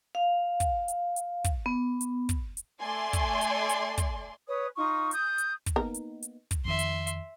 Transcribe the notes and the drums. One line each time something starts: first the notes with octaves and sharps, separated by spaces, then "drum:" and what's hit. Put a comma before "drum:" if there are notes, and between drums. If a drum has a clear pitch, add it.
F5
drum: kick, hi-hat
drum: hi-hat
drum: hi-hat
drum: kick, hi-hat
B3
drum: hi-hat
drum: kick, hi-hat
drum: hi-hat
A3 D5 G#5 C6
drum: kick, hi-hat
drum: hi-hat
drum: hi-hat
drum: kick, hi-hat
B4 C#5 D#6
D#4 F4 C#6 D#6
D#6 G6, drum: hi-hat
drum: hi-hat
drum: kick, hi-hat
A#3 B3 D#4 A#4
drum: hi-hat
drum: hi-hat
drum: kick, hi-hat
F2 D#3 E5 C6
drum: hi-hat
drum: hi-hat